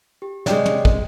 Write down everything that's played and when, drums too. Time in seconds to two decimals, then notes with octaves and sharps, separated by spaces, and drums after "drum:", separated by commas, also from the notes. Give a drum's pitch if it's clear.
0.22 G4
0.46 C3 G#3 C#5 D5 G5, drum: snare
0.66 drum: tom
0.85 drum: kick